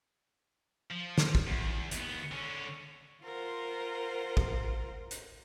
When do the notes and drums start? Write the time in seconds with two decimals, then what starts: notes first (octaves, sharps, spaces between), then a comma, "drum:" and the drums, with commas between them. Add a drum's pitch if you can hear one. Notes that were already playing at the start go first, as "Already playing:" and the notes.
0.91 F3
1.18 drum: snare
1.35 drum: kick
1.47 E2
1.91 D#2 B3, drum: hi-hat
2.32 D3 C#4
3.23 F4 A#4 C5 F#5
4.37 drum: kick
5.11 drum: hi-hat